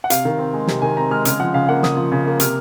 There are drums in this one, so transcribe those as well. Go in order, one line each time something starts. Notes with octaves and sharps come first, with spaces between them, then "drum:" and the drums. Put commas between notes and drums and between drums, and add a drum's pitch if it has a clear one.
F#5
C3 F5, drum: hi-hat
D#3
C4
G#3
C3, drum: snare
D#3 G#5
C4 A#5
G#3 F6
C#3 F6, drum: hi-hat
F3 F#5
C#3 F5
A#3 F#5
C#3 D#6, drum: snare
F3
C#3
A#3
C3 F6, drum: hi-hat